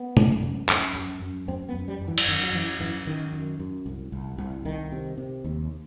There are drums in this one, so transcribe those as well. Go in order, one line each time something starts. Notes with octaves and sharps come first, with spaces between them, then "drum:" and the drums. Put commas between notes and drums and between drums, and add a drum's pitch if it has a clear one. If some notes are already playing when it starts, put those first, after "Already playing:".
Already playing: B3
F#2, drum: tom
F#2
F#2, drum: clap
F#2
F#2
F#2 C4
B3
F#2
G3
F#2
E3
drum: cymbal
F#2 D#3
F#3
F#2 E3
F#2 E3
F#2 D#3
F#2
F#2
C2
C2
C2
C2 D#3
C3
C3
D#2